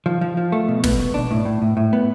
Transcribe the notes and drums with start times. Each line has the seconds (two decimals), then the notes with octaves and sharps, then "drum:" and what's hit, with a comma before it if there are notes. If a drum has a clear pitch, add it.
0.06 F3
0.21 F3
0.37 F3
0.52 A3
0.68 B2
0.84 B3, drum: snare
1.00 B2
1.14 D4
1.31 A2
1.45 A2
1.62 A2
1.77 A2
1.93 B3